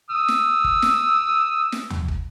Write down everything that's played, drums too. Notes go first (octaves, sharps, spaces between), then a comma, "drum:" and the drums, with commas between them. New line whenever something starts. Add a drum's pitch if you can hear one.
D#6 E6
drum: snare
drum: kick
drum: snare
drum: snare
drum: tom
drum: kick